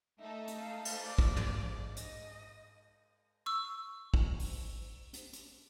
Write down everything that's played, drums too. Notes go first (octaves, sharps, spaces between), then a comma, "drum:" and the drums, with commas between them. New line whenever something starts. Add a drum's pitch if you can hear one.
A3 D#4 A4 E5
drum: hi-hat
F5
drum: cymbal
D5
drum: kick
G#2, drum: tom
D#5, drum: hi-hat
C#6 E6
drum: kick
drum: open hi-hat
drum: hi-hat
drum: hi-hat